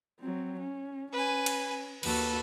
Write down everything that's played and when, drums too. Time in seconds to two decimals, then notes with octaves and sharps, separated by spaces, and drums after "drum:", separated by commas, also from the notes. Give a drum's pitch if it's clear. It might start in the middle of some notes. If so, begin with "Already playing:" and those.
0.20 F#3 C4
0.59 C#4
1.13 C#4 B4 G#5
1.46 drum: cymbal
2.03 D#2 F#4 A4 B4, drum: cymbal